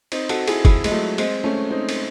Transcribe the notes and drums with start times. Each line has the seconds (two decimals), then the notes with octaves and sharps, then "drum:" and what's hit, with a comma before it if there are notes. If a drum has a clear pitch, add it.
0.12 C4 D#4, drum: cymbal
0.29 F#4 A4, drum: cymbal
0.48 E4 G#4, drum: cymbal
0.65 E4 G#4, drum: kick, cymbal
0.84 G#3, drum: cymbal
0.92 F#3 A3
1.18 G#3 C4, drum: cymbal
1.44 A3 C#4
1.71 C4 D#4
1.89 drum: cymbal